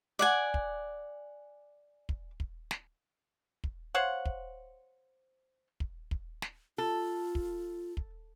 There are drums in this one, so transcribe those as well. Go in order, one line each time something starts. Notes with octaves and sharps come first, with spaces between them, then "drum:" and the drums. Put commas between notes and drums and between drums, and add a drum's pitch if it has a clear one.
D5 F#5 G#5
drum: kick
drum: kick
drum: kick
drum: snare
drum: kick
C5 C#5 F5 F#5
drum: kick
drum: kick
drum: kick
drum: snare
F4 A4
drum: kick
drum: kick